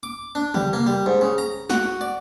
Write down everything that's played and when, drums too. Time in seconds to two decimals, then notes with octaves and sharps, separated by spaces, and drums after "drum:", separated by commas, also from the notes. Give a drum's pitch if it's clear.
0.03 D6
0.35 D4
0.54 G3, drum: tom
0.73 A#3
0.87 G3
1.06 G#2
1.21 C#3
1.38 A#5
1.70 F#4, drum: snare
2.01 D5